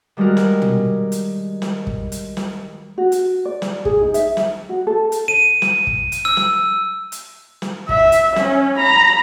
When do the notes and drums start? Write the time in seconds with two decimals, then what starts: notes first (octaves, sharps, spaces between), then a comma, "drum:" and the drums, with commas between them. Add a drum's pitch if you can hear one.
0.17 D#3 G3 G#3 F#4 A#4
0.37 drum: snare
0.62 drum: tom
1.12 drum: hi-hat
1.62 drum: snare
1.87 drum: kick
2.12 drum: hi-hat
2.37 drum: snare
2.98 F#4
3.12 drum: hi-hat
3.45 D5
3.62 drum: snare
3.85 G#4, drum: kick
4.02 D#4
4.14 E5, drum: hi-hat
4.37 drum: snare
4.69 F#4
4.87 A4
5.12 drum: hi-hat
5.28 D#7
5.62 drum: snare
5.87 drum: kick
6.12 drum: hi-hat
6.25 E6
6.37 drum: snare
7.12 drum: hi-hat
7.62 drum: snare
7.89 E5, drum: kick
8.12 drum: hi-hat
8.36 C#4, drum: snare
8.77 A#5 B5